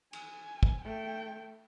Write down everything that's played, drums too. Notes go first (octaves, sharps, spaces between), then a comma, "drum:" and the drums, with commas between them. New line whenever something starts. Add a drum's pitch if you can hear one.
G#5, drum: cymbal
drum: kick
A3 G5